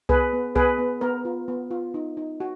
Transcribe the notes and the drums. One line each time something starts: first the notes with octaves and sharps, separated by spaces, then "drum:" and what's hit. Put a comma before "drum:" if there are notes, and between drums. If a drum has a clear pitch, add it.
B3 G#4 B4, drum: kick C2
B3
B3 G#4 B4, drum: kick C2
B3
B3 A#4
F4
B3
F4
D#4
D#4
F#4